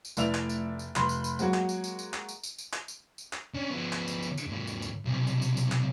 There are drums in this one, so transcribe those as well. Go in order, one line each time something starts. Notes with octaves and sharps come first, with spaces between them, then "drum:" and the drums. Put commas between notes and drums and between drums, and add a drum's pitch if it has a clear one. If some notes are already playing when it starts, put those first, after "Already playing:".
drum: tambourine
F1 A3 E4 D5 E5 F7, drum: tambourine
drum: clap
drum: tambourine
drum: tambourine
F1 B5 C6, drum: clap
drum: tambourine
drum: tambourine
F#3 G#3 A#3 F#4, drum: tambourine
drum: clap
drum: tambourine
drum: tambourine
drum: tambourine
drum: clap
drum: tambourine
drum: tambourine
drum: tambourine
drum: clap
drum: tambourine
drum: tambourine
drum: clap
C#4 D4
F3 B3
drum: clap
drum: tambourine
drum: tambourine
drum: tambourine
G#2 A#3
drum: tambourine
drum: tambourine
B1 C3
drum: tambourine
drum: tambourine
drum: tambourine
drum: clap